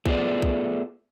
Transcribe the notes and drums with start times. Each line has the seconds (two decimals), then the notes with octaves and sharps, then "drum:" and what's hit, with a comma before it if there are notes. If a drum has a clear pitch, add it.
0.06 A3 B3 F4 G#4 C#5 D5, drum: kick B1
0.42 drum: kick B1